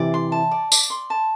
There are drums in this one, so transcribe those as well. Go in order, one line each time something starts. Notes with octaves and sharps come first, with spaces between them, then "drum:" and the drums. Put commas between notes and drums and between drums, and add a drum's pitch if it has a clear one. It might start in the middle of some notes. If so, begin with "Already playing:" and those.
Already playing: C3 E3 D5
C6
A5
D5
D5, drum: tambourine
C6
A5